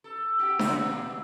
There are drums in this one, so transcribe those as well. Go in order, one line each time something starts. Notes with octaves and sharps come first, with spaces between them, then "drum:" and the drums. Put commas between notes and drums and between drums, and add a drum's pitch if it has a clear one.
A4
A3 F#4 G4
C#3 E3 F#4, drum: snare D4
E2 G#2 B2
D#3